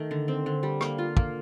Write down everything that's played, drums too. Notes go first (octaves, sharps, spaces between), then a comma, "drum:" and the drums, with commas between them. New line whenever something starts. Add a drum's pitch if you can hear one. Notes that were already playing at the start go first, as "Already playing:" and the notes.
Already playing: D#3 A3
D3
C4
D3
G3
A#3, drum: rim click
F4
A#3, drum: kick